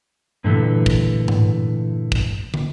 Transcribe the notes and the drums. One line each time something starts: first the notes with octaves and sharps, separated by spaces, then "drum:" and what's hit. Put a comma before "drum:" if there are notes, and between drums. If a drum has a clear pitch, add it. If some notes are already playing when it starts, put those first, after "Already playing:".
G2 A#2 D3 E3 A3
drum: kick
drum: tom G#2
drum: kick
drum: tom